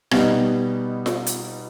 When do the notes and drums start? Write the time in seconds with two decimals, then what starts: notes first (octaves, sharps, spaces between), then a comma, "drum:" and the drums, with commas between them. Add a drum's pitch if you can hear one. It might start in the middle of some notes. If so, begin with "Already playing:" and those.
0.11 B2 G3 B3 D#4, drum: rim click
1.06 drum: snare F4
1.27 drum: hi-hat